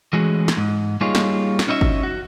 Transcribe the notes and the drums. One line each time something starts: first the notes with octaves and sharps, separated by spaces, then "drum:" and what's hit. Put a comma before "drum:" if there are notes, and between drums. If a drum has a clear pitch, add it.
E3 G#3 A3 C#4 F#4 G#4
drum: snare
G#2
G3 A#3 D#4 F4 G#4 C#5
drum: snare
drum: snare
C#4 D#4 E4 F#4 E5
drum: kick G#1
F#4